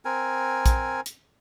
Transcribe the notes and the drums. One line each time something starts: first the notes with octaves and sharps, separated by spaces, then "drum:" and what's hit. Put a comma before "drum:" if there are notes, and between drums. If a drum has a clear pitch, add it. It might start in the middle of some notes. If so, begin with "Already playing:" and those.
C4 A#4 G#5
drum: kick A#1, hi-hat
drum: hi-hat